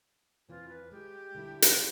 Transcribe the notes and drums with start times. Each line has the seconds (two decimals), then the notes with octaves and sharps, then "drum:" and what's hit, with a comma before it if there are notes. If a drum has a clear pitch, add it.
0.49 E2 E3 C4 F4
0.68 B4
0.92 G#3 G4
1.35 D3 G3 E4
1.62 drum: hi-hat